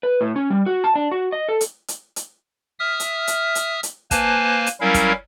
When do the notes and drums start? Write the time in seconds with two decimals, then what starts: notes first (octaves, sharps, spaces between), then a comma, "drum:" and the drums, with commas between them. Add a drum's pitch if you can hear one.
0.03 B4
0.21 A2
0.36 C#4
0.50 G3
0.66 F#4
0.84 A5
0.95 D4
1.12 F#4
1.32 D#5
1.49 A4
1.61 drum: hi-hat
1.88 drum: hi-hat
2.16 drum: hi-hat
2.80 E5 D#6 F6
3.00 drum: hi-hat
3.27 drum: hi-hat
3.55 drum: hi-hat
3.83 drum: hi-hat
4.11 A#3 B4 C5 G#5 A5, drum: kick, hi-hat
4.66 drum: hi-hat
4.81 F#3 G3 C#4 E4 A#4 F5
4.94 drum: kick, hi-hat